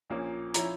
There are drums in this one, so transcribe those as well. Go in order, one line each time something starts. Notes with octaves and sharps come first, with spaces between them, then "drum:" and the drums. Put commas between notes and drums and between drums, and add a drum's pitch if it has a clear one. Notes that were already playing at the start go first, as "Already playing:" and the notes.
A#1 A#2 F3 A#3 C#4
F3 C#4 E4 A#5, drum: hi-hat